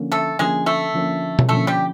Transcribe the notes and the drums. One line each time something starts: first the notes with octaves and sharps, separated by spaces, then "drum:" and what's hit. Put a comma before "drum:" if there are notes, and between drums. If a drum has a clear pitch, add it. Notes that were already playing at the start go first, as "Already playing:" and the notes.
Already playing: D3 F3 A#3 C#4
A3 A4
D3 F3 G#3 A#3 C#4 G#4
A3 A4
D3 F3 A#3 C#4
drum: tom B2
D3 F3 A3 A#3 C#4 A4
G3 G4